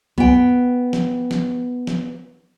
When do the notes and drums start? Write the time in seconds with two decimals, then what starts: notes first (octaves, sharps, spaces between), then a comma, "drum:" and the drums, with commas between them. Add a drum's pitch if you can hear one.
0.18 B3 G5, drum: kick B1
0.93 drum: snare
1.31 drum: snare
1.87 drum: snare